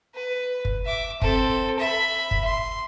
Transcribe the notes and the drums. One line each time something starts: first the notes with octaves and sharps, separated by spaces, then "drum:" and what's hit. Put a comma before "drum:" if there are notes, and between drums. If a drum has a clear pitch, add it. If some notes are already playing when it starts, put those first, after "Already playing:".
B4
drum: kick
E5 D6
C4 A4, drum: kick
E5 B5
drum: kick
C6